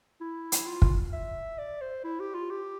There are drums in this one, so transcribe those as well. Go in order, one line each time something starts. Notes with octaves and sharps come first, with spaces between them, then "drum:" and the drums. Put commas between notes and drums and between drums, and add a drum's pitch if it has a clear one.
E4
drum: hi-hat
F4
drum: kick
E5
D5
C5
E4
G4
F4
G4